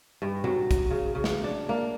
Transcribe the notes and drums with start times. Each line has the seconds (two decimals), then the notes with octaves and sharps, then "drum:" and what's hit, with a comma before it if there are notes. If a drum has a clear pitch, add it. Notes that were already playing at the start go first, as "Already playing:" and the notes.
0.22 G2
0.44 F#3, drum: tom A2
0.71 drum: kick, hi-hat
0.91 C#3
1.15 C#3
1.24 drum: snare
1.44 D4
1.69 A#3